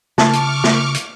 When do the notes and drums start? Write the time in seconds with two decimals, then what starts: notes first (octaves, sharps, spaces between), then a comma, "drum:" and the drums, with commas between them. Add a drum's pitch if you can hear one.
0.18 C#3 A5 C#6 D6 F6, drum: snare
0.33 drum: hi-hat
0.64 drum: snare
0.94 drum: hi-hat